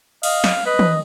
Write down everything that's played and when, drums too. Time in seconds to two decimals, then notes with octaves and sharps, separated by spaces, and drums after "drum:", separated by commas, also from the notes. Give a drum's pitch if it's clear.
0.23 D#5 F5, drum: cymbal
0.44 drum: snare
0.66 B4 D#5
0.79 drum: tom